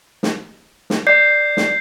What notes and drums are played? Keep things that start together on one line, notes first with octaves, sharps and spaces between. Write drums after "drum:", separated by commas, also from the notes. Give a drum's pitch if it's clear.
drum: snare
drum: snare
D5 G6 C7
drum: snare